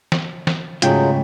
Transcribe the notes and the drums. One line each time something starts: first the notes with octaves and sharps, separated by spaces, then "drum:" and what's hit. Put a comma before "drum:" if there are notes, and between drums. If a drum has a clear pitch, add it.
drum: snare
drum: snare
G#2 C#3 F#3 G#3 A3 F4 G5, drum: hi-hat